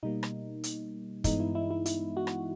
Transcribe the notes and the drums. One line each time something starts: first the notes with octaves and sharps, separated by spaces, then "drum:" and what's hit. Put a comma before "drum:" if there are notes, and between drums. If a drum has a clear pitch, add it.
B2 G3 A#3 D#4
drum: rim click
drum: hi-hat
G2 E3 G#3 B3 D#4, drum: kick, hi-hat
E4
E4
E4
E4, drum: hi-hat
F#4
drum: rim click